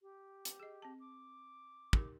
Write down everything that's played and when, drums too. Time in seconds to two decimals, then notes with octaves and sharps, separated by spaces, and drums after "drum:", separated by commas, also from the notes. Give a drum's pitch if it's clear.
0.02 G4
0.45 drum: hi-hat
0.60 G#4 D#5
0.82 C4 A5
1.00 D6
1.93 D#4 G4 A#4, drum: kick